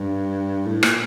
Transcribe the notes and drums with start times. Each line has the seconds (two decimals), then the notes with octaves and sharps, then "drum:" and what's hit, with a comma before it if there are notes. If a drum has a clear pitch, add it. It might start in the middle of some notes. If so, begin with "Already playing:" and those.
Already playing: G2
0.66 A2
0.83 A#2, drum: rim click